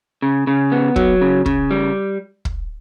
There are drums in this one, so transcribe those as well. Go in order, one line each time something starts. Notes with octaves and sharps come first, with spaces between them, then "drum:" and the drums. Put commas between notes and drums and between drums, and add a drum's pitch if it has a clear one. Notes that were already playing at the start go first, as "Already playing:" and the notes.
C#3
C#3
B3
F#3, drum: kick
C#3
C#3, drum: kick
G3
drum: kick